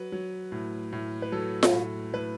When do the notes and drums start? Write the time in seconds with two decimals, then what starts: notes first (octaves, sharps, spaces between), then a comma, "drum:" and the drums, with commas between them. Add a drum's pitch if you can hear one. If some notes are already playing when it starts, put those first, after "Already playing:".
Already playing: F#3 B4
0.12 F#3
0.52 A2
0.93 A2
1.22 B4
1.32 F#3 A4
1.63 drum: snare F4
1.73 A2
2.13 A2 B4